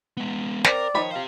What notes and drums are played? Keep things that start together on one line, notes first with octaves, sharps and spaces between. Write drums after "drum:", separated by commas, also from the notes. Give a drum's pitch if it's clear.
G#3 B3
C4 A#4 D5, drum: snare
D#3 F3 C#5 B5
G4 C5 F5